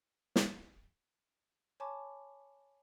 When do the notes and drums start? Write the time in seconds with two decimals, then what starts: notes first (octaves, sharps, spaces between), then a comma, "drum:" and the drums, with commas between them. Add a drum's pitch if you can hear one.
0.36 drum: snare
1.80 C#5 G#5 A5 B5 C#6 D6